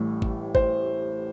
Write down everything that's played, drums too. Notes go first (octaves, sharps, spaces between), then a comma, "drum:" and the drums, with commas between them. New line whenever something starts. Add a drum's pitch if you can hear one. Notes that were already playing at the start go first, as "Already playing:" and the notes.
Already playing: A1 A2 E3 G3
drum: kick G#1
C5, drum: kick G#1